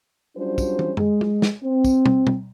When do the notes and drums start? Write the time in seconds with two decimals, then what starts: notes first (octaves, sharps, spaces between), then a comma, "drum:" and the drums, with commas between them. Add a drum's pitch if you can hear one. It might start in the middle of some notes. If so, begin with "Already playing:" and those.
0.37 F#3 G3 C#4 D4 F4 C5
0.58 drum: kick, tambourine
0.79 drum: tom
0.97 G#3, drum: tom F#2
1.21 drum: tom
1.42 drum: snare
1.63 C4
1.84 drum: kick, tambourine
2.06 drum: tom
2.27 drum: tom